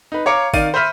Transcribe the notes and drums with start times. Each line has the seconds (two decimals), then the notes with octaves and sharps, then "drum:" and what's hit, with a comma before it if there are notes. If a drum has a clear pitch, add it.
0.12 D#4 B4
0.26 C#5 F5 A#5 D6 C#7
0.54 D#3 D5 F5 D#7, drum: kick G#1, open hi-hat
0.74 C5 E5 B5 F6 B6